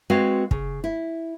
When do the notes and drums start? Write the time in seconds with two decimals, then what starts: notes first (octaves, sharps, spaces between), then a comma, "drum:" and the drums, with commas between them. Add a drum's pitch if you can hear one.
0.10 G#3 C4 F#4 B4 C#5 F5
0.51 C#3, drum: kick
0.84 E4